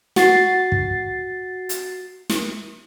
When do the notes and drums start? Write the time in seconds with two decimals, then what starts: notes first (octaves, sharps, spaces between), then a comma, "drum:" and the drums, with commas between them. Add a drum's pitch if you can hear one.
0.16 F#4 A6 C7, drum: snare
0.72 drum: kick
1.69 drum: hi-hat
2.30 drum: snare